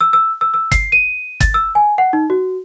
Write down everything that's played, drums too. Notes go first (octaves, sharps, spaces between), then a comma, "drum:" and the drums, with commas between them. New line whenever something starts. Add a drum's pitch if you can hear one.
E6
E6
E6
E6
C7, drum: kick G1, hi-hat
D#7
A6, drum: kick G1, hi-hat
E6
G#5
F#5
D#4
F#4